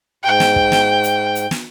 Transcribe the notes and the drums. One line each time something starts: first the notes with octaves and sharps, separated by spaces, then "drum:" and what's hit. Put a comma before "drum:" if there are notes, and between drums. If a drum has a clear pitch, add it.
G#2 G5
drum: snare
drum: kick
drum: snare
drum: hi-hat
drum: hi-hat
drum: snare